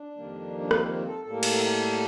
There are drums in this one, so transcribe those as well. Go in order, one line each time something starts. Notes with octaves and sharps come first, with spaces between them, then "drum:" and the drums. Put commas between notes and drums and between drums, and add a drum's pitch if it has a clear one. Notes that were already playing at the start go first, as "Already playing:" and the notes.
Already playing: D4
F2 D#3 G3 A#3
D4
C4, drum: rim click
C4
A4
A2 G3 A#3 A4
A4, drum: cymbal
A#4
A4